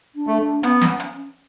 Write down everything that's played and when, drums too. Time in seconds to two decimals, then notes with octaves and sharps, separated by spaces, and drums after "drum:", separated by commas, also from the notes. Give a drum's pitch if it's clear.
0.15 D4
0.27 A3
0.39 D4
0.63 B3 C#4, drum: hi-hat
0.81 drum: snare
1.00 drum: hi-hat